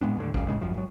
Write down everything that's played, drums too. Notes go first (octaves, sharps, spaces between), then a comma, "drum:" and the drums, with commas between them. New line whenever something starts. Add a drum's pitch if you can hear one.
A2 G#3 B3 D4
D#2 A2 D3
F1 C#2 F#2 C#3, drum: kick
D1 A2 C#3 G#3
G#1 F#2 F3
G#1 F#3